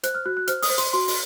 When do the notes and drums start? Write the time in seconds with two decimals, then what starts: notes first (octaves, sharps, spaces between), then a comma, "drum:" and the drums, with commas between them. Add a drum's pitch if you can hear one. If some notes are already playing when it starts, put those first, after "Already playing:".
0.03 C5 F#6, drum: hi-hat
0.15 F6
0.26 F#4 F#6
0.37 F#6
0.47 C5 F6, drum: hi-hat
0.62 D#6, drum: open hi-hat
0.70 C5
0.78 C6, drum: hi-hat
0.93 F#4 C6
1.08 drum: open hi-hat